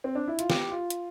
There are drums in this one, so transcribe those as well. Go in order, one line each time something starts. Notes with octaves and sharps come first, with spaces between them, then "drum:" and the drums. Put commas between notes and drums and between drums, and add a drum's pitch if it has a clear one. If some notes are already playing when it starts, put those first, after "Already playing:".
C4
D4
E4
F4, drum: hi-hat
G4, drum: snare
F4
drum: hi-hat